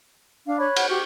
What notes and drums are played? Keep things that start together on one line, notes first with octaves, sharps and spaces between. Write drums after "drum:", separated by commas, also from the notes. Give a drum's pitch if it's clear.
D4 F5
C#5 B5 F#6
F#5, drum: cymbal
F#4 G4 C#6